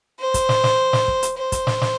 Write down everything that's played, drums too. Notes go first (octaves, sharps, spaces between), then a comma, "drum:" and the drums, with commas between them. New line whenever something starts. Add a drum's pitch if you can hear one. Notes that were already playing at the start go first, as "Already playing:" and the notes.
C5
drum: kick, hi-hat
drum: snare
drum: snare
drum: snare
drum: kick
drum: hi-hat
C5
drum: kick, hi-hat
drum: snare
drum: snare